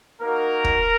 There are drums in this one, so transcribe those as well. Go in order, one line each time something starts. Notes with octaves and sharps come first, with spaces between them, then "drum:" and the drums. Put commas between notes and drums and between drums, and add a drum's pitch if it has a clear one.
A#3 D#4 F#4 A#4
drum: kick